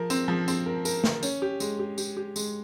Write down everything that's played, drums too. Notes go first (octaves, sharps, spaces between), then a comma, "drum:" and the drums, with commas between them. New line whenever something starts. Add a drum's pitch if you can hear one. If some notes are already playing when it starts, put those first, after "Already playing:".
Already playing: F3 A#4
C4, drum: tambourine
F3
C4, drum: tambourine
A#4
A#4, drum: tambourine
A#4, drum: snare
C#4, drum: tambourine
G4
G#3, drum: tambourine
G4
G4, drum: tambourine
G4
G#3, drum: tambourine